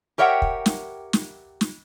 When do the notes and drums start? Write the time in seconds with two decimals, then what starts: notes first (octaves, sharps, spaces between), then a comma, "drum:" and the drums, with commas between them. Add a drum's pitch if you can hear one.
0.18 G4 A#4 C#5 E5 F#5 G5
0.42 drum: kick
0.66 drum: snare
1.13 drum: snare
1.61 drum: snare